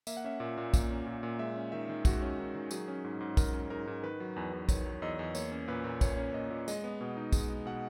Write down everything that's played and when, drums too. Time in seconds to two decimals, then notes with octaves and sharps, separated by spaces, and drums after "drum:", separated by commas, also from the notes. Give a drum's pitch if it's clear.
0.07 A#3 E5, drum: tambourine
0.17 F#5
0.24 C#4 E5
0.40 A#2
0.57 A#2
0.74 A#3, drum: kick, tambourine
0.90 C#4
1.07 A#2
1.23 A#2
1.39 G#3 E5
1.56 C#4
1.72 D#3 E5
1.89 D#3
2.05 G#3 F#4, drum: kick, tambourine
2.22 C#4
2.39 D#3
2.55 D#3
2.71 F#3 G#4, drum: tambourine
2.88 C#4
3.04 G#2
3.21 G#2
3.37 F#3 A#4, drum: kick, tambourine
3.53 C#4
3.70 G#2 A#4
3.87 G#2
4.03 D#3 B4
4.20 F#3
4.36 E2 B4
4.53 E2
4.69 D#3 C#5, drum: kick, tambourine
4.86 F#3
5.02 E2 D#5
5.19 E2
5.35 A#3 C#5, drum: tambourine
5.52 C#4
5.68 A#2 B4
5.84 A#2
6.01 A#3 C#5, drum: kick, tambourine
6.17 C#4
6.34 A#2 D#5
6.51 A#2
6.68 G#3 D#5, drum: tambourine
6.84 B3
7.01 B2
7.17 D#4
7.33 G#3, drum: kick, tambourine
7.49 B3
7.66 B2 F#5